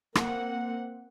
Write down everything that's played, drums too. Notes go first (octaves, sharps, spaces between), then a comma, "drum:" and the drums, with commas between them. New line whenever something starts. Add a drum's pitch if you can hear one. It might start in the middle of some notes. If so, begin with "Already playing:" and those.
A#3 C4 F#5, drum: rim click